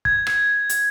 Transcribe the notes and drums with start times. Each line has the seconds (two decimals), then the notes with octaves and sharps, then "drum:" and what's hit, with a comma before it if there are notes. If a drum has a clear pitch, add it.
0.05 G#6, drum: kick
0.27 drum: rim click
0.69 drum: hi-hat